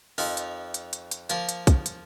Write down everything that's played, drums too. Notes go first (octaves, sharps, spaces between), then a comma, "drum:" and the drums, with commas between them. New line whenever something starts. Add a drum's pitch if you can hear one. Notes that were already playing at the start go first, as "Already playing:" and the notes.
F2 F3 D#4 A#4, drum: open hi-hat
drum: hi-hat
drum: hi-hat
drum: hi-hat
drum: hi-hat
F3 A#3 F4 A#4, drum: hi-hat
drum: hi-hat
drum: kick, hi-hat
drum: hi-hat